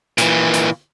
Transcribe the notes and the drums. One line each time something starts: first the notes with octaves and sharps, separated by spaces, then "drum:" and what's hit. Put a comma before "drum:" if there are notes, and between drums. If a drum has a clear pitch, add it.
A#2 E3, drum: hi-hat
drum: hi-hat